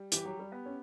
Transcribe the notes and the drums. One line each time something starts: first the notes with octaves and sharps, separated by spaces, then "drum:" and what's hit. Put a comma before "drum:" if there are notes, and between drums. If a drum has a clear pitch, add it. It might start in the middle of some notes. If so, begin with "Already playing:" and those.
Already playing: G3
E3 G4, drum: hi-hat
F#3
G3
B3
C#4